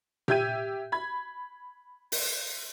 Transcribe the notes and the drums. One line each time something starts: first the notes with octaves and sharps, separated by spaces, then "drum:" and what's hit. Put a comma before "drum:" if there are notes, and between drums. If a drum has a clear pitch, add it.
G4 E5 G6 G#6 D#7, drum: tom A#2
B5 G#6
drum: open hi-hat